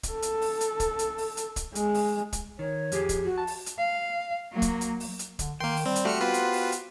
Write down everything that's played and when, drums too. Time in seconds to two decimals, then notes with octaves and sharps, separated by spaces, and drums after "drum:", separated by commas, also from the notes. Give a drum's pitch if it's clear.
0.03 drum: kick, hi-hat
0.13 A4
0.22 drum: hi-hat
0.42 drum: open hi-hat
0.61 drum: hi-hat
0.80 drum: kick, hi-hat
0.99 drum: hi-hat
1.18 drum: open hi-hat
1.37 drum: hi-hat
1.56 drum: kick, hi-hat
1.75 G#3, drum: hi-hat
1.94 drum: open hi-hat
2.33 drum: kick, hi-hat
2.59 D#3 C#5
2.92 F2 G4 G#4, drum: hi-hat
3.09 drum: kick, hi-hat
3.24 F#4
3.38 A5
3.47 drum: open hi-hat
3.66 drum: hi-hat
3.78 F5
4.52 F#3 A#3
4.62 drum: kick, hi-hat
4.81 drum: hi-hat
5.00 drum: open hi-hat
5.19 drum: hi-hat
5.39 D3, drum: kick, hi-hat
5.60 D#3 A#3 G5 C6
5.76 drum: open hi-hat
5.86 G3 C4
5.96 drum: hi-hat
6.05 A3 F#4 G4 C5 F6 C#7
6.21 B3 F4 B4
6.34 drum: hi-hat
6.53 drum: open hi-hat
6.72 drum: hi-hat